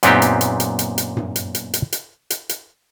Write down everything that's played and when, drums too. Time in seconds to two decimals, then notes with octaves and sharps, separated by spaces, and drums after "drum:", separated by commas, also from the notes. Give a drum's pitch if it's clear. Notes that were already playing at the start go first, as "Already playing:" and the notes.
0.03 F#2 A#2 B3 C4 D#4 G4, drum: hi-hat
0.22 drum: hi-hat
0.41 drum: hi-hat
0.60 drum: hi-hat
0.79 drum: hi-hat
0.98 drum: hi-hat
1.17 drum: tom G2
1.36 drum: hi-hat
1.55 drum: hi-hat
1.74 drum: hi-hat
1.92 drum: hi-hat
2.30 drum: hi-hat
2.49 drum: hi-hat